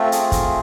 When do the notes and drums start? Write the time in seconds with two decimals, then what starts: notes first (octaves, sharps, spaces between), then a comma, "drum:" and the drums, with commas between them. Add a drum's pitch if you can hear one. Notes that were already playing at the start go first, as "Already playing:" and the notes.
Already playing: A3 C4 F4
0.12 G#4, drum: hi-hat
0.32 drum: kick, hi-hat